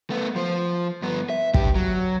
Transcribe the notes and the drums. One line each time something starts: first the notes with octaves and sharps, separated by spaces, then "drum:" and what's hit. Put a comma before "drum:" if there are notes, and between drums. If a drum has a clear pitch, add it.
A3 B3
F3 C5
G2 B3
E5
G2 G4, drum: kick
F#3